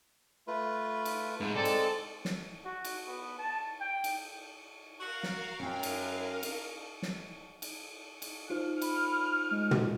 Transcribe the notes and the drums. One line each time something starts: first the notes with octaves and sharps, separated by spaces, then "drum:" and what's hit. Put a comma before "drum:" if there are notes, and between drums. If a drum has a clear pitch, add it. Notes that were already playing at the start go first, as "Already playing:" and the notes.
A3 F4 B4
drum: cymbal
G#2
G#3 C4 A4 D5
drum: cymbal
drum: snare
F#4
drum: cymbal
B3
A5
G5
drum: cymbal
F#4 A#4 F5
drum: snare
F#2 C#4 G5
drum: cymbal
drum: cymbal
drum: snare
drum: cymbal
drum: cymbal
D#4 F4 C5 F6
B5, drum: cymbal
G#3
drum: tom